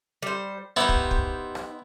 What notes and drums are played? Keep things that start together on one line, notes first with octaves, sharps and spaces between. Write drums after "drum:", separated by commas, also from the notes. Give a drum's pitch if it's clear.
G3 C5
B3 D#4 E4 G4 C5
drum: kick
drum: kick
drum: rim click